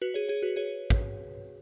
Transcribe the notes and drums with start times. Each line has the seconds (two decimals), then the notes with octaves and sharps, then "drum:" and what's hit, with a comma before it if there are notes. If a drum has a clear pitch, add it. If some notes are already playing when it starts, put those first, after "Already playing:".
0.02 F#4 B4
0.14 G#4 C#5
0.29 G#4 C#5
0.42 F#4 B4
0.56 G#4 C#5
0.90 drum: kick